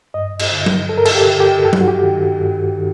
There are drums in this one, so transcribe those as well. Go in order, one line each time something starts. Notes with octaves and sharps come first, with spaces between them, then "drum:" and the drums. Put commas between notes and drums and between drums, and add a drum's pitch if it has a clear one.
G2 D#5
drum: cymbal
D3
drum: tom F#3
G2 A4
A#4
A4, drum: cymbal
G4
D3
G4
G2 A4
G4, drum: tom F#3
F#4
G4
D#3
G2
D#3